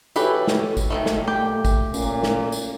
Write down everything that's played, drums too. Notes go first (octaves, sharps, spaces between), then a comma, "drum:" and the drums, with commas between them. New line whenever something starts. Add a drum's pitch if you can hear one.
E3 F#4 G4 A4 B4 C#5, drum: tambourine
drum: snare
drum: kick G#1, tambourine
A#2 D#3 E3 A3
drum: snare
A3 G4
drum: kick G#1, tambourine
A#2 C#4, drum: tambourine
drum: snare
drum: tambourine